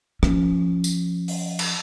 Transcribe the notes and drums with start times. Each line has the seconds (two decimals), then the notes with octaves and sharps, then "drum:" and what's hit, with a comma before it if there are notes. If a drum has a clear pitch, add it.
0.23 F3 C#4, drum: rim click
0.84 drum: tambourine
1.28 drum: open hi-hat
1.59 drum: cymbal